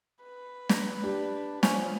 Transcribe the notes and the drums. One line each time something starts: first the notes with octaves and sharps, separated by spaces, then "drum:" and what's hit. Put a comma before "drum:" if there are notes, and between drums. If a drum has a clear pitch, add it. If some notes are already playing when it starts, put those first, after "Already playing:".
B4
A#5, drum: snare
D4 G4
F3 C#4, drum: snare